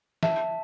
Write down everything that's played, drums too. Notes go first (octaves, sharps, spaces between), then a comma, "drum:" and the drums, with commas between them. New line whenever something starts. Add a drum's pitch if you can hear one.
E5 A5, drum: snare